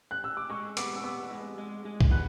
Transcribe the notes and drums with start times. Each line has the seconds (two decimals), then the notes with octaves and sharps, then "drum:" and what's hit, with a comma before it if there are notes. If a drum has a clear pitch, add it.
0.11 F#6
0.24 E6
0.37 D6
0.50 G#3 C#6
0.77 B3 D6, drum: hi-hat
0.96 E6
1.03 B3 D6
1.30 G#3
1.58 G#3
1.85 G#3
2.01 drum: kick B1
2.11 B3 F#6